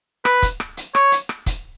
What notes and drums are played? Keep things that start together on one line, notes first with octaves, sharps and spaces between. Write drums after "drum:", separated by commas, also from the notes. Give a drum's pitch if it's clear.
B4, drum: rim click
drum: kick, hi-hat
drum: rim click
drum: hi-hat
C#5, drum: rim click
drum: hi-hat
drum: rim click
drum: kick, hi-hat